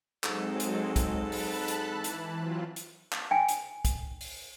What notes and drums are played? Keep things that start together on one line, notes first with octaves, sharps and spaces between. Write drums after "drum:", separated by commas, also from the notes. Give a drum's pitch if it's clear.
G#2 F#3 G#3 C4 A4, drum: clap
drum: hi-hat
drum: kick, hi-hat
A5 B5 F#6
drum: open hi-hat
drum: hi-hat
E3
drum: hi-hat
F#3 C4 F4
drum: hi-hat
drum: clap
G5 G#5
drum: hi-hat
drum: kick, hi-hat
drum: open hi-hat